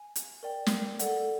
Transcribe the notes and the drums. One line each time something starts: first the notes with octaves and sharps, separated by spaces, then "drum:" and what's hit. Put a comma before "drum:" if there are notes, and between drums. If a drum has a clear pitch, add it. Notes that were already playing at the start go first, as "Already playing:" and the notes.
Already playing: G#5
drum: hi-hat
A#4 D5 G5
drum: snare
A4 D5 F#5, drum: hi-hat